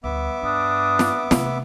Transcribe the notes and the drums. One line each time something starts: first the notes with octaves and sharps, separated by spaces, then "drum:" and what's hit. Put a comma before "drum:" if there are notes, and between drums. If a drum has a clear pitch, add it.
D2 G3 B3 E5 D6
G2 D4 D#6
drum: snare
C3 A3, drum: snare